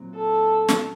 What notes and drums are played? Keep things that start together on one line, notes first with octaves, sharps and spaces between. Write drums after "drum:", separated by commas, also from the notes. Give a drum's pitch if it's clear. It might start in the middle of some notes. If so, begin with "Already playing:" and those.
Already playing: A#2 F#3 C4
A4
drum: snare